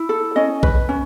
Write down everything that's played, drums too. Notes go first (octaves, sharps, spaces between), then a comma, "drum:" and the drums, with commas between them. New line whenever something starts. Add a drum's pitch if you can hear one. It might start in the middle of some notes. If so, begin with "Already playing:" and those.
Already playing: E4
A4
C#4 D#5
B4, drum: kick A#1
C#4